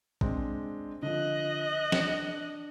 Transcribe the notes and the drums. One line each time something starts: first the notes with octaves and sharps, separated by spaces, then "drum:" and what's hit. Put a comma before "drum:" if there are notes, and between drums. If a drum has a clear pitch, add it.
G#3 C4 D4, drum: kick
D3 F3 D#5 F#6
D4 C#7 F#7, drum: snare